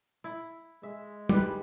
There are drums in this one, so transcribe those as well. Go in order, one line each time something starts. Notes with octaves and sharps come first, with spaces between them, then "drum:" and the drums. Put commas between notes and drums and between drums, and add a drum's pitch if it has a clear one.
E4
G#3 E5
G3 B4, drum: tom